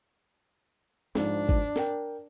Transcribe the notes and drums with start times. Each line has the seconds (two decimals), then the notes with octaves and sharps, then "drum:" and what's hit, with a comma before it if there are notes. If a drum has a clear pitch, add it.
1.15 G#2 F3 D4, drum: snare
1.49 drum: kick G#1
1.76 A#4 G5, drum: snare